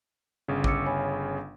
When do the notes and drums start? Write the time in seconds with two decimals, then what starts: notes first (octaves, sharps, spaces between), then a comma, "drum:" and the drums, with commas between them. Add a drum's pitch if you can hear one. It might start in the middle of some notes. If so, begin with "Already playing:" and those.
0.48 G1 C#3
0.64 D6 E6 C#7, drum: kick A1
0.86 C#5 G#5 B5